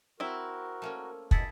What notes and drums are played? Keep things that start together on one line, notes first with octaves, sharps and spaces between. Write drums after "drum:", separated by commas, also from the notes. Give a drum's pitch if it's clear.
C4 E4 F#4 A#4 E6
A3 A#3 C#4
B2 E4 G#4 F#5 A5 A6 B6, drum: kick